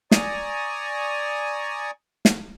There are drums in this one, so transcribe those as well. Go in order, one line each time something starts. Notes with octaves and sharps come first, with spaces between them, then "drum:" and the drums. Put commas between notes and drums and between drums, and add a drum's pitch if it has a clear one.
D5 G#5 A#5 C#6 D#6, drum: snare
drum: snare